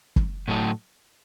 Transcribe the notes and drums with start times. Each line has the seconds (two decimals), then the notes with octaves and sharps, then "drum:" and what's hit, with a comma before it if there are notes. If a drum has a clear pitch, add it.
0.16 drum: kick F#1
0.48 A2 F#3 A3 D#4